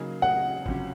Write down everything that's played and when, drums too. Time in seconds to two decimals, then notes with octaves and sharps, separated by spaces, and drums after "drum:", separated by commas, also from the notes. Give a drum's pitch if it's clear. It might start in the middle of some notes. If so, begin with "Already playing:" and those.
Already playing: C#3 F#3 A#3 D#4 G#4
0.22 F#5
0.66 C#2 C3 F#3 C#4, drum: kick G#1